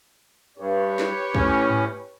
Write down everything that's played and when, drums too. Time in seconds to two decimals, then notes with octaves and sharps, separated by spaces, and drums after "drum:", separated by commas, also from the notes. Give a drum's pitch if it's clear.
0.58 G2 G4 B4 C#5
0.99 drum: snare
1.35 A2 C#4, drum: kick
1.70 drum: tom G#2